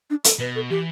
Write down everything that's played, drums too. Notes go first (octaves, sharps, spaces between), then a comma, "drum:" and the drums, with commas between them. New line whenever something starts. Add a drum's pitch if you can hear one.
D4
A4, drum: hi-hat
B2 B4
A4
E3 G4